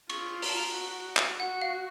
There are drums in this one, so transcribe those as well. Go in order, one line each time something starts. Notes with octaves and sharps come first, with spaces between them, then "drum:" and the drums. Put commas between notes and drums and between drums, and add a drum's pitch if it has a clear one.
F4 C#6, drum: cymbal
A#5, drum: open hi-hat
A5
A#5
F#4
drum: clap
F#4 F#5
F5